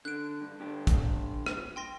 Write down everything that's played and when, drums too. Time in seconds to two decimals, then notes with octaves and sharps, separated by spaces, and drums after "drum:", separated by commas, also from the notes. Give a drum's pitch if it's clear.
0.05 D3 F#6 D7
0.41 G2
0.59 G2 D3 G4
0.87 drum: kick, hi-hat
1.46 drum: rim click
1.76 G5 C6 A#6